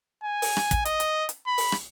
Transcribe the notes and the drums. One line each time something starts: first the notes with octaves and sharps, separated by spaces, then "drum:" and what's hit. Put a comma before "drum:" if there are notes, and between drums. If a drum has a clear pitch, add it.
G#5
drum: open hi-hat
drum: rim click
drum: kick, hi-hat
D#5, drum: hi-hat
drum: hi-hat
drum: hi-hat
B5
drum: open hi-hat
drum: rim click